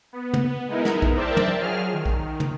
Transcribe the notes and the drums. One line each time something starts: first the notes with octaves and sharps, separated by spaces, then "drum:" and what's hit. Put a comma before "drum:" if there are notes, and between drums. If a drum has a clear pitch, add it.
B3
drum: tom
G#3 B3 D#4 E4 A#4
drum: snare
drum: kick A#1
A#4 C5 D5 E5 G5 A5
drum: tom
F3 F#3 G#4 F6
D#3
drum: kick A#1
drum: tom